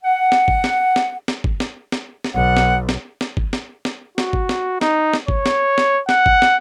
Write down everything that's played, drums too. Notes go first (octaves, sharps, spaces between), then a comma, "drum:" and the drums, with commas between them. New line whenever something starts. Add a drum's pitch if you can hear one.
F#5
drum: snare
drum: kick G1
drum: snare
drum: snare
drum: snare
drum: kick G1
drum: snare
drum: snare
drum: snare
B1 F#5
drum: snare
drum: snare
drum: snare
drum: kick G1
drum: snare
drum: snare
F#4, drum: snare
drum: kick G1
drum: snare
D#4, drum: snare
drum: snare
C#5, drum: kick G1
drum: snare
drum: snare
F#5, drum: snare
drum: kick G1
drum: snare